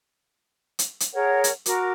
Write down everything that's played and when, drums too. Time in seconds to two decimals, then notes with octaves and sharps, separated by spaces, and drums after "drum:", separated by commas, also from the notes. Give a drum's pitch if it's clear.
0.79 drum: hi-hat
1.00 drum: hi-hat
1.13 G#4 A#4 C#5 F#5
1.44 drum: hi-hat
1.66 F#4 A#4 D6, drum: hi-hat